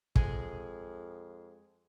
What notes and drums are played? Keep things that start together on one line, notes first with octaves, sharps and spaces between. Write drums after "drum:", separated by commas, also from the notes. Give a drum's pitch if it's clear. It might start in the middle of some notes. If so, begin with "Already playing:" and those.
F2 G#3 G#4, drum: kick